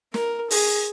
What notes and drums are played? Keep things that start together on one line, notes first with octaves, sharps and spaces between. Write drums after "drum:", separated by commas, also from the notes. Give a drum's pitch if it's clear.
A#4, drum: snare
G#4, drum: open hi-hat